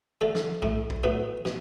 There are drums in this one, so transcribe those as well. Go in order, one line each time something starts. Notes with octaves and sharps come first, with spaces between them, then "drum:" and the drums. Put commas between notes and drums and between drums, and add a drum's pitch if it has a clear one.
D3 A3 A4
drum: snare
A2 A3, drum: kick
drum: kick
A2 F#3 B3 B4
B2, drum: snare